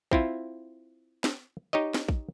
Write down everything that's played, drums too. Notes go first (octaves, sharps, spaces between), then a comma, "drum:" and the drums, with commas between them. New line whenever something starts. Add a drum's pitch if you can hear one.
C4 E4 F4, drum: kick
drum: snare
D#4 G4 C#5 D#5
drum: snare
drum: kick